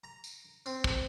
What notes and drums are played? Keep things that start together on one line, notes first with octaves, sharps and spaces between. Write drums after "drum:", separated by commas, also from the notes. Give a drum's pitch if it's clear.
A#5
drum: tambourine
C4, drum: tambourine
drum: kick